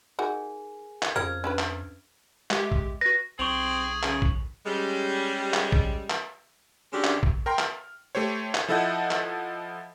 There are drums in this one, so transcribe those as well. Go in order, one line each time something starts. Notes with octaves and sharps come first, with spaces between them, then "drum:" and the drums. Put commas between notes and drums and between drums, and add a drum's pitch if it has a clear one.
D#4 F#4 G#4 A#4 G#5
drum: clap
F2 C#3 F3 A#4 C5 F6 G#6
C#4 D4 B4
drum: clap
G#3 G4 E5, drum: clap
drum: kick A#1
F#4 B4 A#6
B1 C4 G#4 C#6 F7 F#7
C#3, drum: clap
drum: kick A#1
G3 G#3 C#4
drum: clap
drum: kick A#1
drum: clap
D3 G#3 C#4 D4 F#4 G4
drum: clap
drum: kick A#1
A#4 G5 A#5 C6
F6, drum: clap
A3 G4 C5 C#5
drum: clap
F3 E4 A4 D#5 F#5 G6
drum: clap